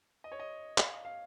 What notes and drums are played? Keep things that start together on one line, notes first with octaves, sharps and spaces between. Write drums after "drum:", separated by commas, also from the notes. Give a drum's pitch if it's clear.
D#5
C#5
D#5
F5, drum: clap
F5